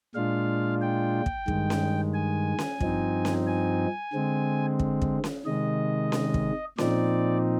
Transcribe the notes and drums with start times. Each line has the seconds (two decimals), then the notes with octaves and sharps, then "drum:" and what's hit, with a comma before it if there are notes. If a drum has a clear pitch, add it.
0.15 A#2 G#3 D4 F4 F5
0.82 G5
1.26 drum: kick
1.48 G2 D#3 G#3, drum: kick
1.70 drum: snare C#4
2.14 G#5
2.59 drum: snare C#4
2.80 G2 F3 C4 D#4, drum: kick
3.25 drum: snare C#4
3.47 G#5
4.13 D3 G#3 C4
4.79 drum: kick
5.02 drum: kick
5.24 drum: snare C#4
5.46 C3 D#3 G#3 D#5
6.12 drum: snare C#4
6.34 drum: kick
6.78 A#2 F3 C4 D#4 D5, drum: snare C#4